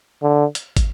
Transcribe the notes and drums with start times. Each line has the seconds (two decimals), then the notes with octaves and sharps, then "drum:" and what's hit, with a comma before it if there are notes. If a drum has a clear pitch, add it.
0.23 D3
0.55 drum: hi-hat
0.77 drum: kick, hi-hat